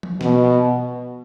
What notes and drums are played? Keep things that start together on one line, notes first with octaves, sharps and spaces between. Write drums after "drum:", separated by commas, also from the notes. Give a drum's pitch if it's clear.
drum: tom F3
B2, drum: snare